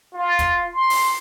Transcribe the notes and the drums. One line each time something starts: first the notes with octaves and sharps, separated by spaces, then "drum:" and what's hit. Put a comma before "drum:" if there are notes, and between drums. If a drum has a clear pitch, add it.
F4
drum: kick, hi-hat
C6
drum: open hi-hat